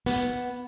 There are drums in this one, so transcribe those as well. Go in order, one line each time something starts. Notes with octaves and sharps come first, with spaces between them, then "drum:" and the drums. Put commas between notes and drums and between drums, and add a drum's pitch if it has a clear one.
B3, drum: hi-hat